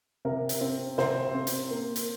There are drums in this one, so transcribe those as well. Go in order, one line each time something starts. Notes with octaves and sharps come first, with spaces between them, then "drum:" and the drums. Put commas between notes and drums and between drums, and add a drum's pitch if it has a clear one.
C3 A#4
drum: hi-hat
C4
C3 C4 C5, drum: snare
C4
drum: hi-hat
A#3
drum: hi-hat